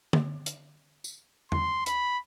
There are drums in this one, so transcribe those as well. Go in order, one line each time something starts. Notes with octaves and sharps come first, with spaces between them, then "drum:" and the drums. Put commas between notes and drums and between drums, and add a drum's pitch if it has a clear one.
drum: tom
drum: hi-hat
drum: tambourine
C6, drum: tom E2
B5, drum: hi-hat